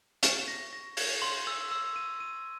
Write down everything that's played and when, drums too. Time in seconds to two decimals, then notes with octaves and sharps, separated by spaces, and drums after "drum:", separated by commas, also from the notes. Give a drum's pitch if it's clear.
0.23 C#6, drum: hi-hat
0.48 A#6
0.73 A#6
0.97 G#6, drum: open hi-hat
1.22 C6
1.47 E6
1.71 E6
1.96 D#7
2.20 D#7